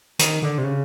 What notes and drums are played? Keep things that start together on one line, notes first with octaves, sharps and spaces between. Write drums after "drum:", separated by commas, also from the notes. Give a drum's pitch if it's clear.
D#3, drum: hi-hat
D3
C3
C#3